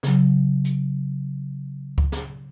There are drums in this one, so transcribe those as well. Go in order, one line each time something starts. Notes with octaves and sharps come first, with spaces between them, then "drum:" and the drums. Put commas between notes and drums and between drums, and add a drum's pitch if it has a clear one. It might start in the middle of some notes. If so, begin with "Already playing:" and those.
C#3 F#3, drum: snare
drum: hi-hat
drum: kick C#2
drum: snare